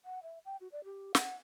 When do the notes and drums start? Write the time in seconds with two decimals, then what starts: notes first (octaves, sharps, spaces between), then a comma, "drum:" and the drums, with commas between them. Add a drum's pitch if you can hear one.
0.05 F#5
0.23 E5
0.45 G5
0.61 F#4
0.72 D5
0.84 G4
1.15 F#5, drum: snare